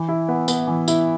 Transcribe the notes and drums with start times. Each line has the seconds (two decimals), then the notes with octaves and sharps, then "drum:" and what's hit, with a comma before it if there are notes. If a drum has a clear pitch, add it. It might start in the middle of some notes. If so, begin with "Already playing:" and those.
Already playing: E3
0.09 E4
0.29 B3
0.48 B3, drum: tambourine
0.67 E3
0.88 E4, drum: tambourine